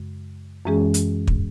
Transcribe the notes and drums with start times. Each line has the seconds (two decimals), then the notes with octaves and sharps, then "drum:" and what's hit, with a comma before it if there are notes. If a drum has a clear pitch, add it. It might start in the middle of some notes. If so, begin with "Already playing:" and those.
Already playing: F#2 C#3 G#3
0.66 F#2 E3 G#3 C#4 G#4
0.94 drum: hi-hat
1.27 drum: kick